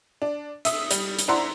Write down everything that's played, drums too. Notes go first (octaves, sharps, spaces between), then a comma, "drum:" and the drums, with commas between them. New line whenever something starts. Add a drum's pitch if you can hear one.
D4
E5 D#6, drum: hi-hat
G3, drum: hi-hat
drum: hi-hat
D4 E4 C5 F#5 A#5 C6